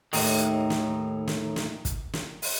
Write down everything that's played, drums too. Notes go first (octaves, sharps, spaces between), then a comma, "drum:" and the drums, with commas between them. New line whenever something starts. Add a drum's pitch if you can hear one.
D#2 A2 D#3, drum: open hi-hat
drum: snare
drum: snare
drum: snare
drum: kick, hi-hat
drum: snare
drum: open hi-hat